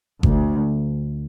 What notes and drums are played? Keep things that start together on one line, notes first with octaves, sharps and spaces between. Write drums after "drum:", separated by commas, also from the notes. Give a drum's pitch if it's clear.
D2, drum: kick G1